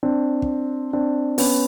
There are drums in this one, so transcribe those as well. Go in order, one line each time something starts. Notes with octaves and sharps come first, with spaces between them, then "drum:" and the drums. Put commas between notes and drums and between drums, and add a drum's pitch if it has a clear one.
C4 D4
drum: kick
C4 D4
B3 C#4, drum: open hi-hat